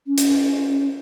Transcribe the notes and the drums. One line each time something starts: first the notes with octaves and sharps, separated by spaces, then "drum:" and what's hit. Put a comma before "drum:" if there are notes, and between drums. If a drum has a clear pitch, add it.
C#4
drum: hi-hat